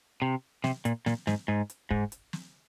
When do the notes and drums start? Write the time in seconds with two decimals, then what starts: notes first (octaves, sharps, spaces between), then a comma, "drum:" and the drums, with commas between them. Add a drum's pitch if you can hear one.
0.22 C3
0.64 C3, drum: snare
0.85 A#2, drum: hi-hat
1.06 A#2, drum: snare
1.27 G#2, drum: snare
1.48 G#2
1.70 drum: hi-hat
1.91 G#2, drum: kick
2.12 drum: hi-hat
2.33 drum: snare